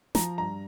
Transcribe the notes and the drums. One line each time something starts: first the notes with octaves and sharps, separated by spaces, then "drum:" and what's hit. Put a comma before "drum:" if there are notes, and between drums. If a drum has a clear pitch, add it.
F3 A#5, drum: snare
G2 A#5